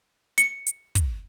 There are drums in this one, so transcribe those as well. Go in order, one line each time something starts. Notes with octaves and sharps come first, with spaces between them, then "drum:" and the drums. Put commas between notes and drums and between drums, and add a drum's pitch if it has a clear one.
C#7, drum: hi-hat
drum: hi-hat
drum: kick, hi-hat